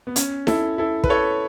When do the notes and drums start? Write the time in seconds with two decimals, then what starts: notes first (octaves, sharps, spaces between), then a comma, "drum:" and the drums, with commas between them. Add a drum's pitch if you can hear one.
0.07 B3
0.16 C#4, drum: hi-hat
0.47 E4 A4, drum: snare D#4
0.78 E4 A4
1.04 B4, drum: kick
1.09 A4 C#5